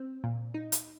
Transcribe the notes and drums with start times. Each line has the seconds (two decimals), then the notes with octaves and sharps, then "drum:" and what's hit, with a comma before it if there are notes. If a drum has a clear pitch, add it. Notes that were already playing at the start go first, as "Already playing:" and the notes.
Already playing: C4
0.24 A#2
0.54 D#4
0.72 drum: hi-hat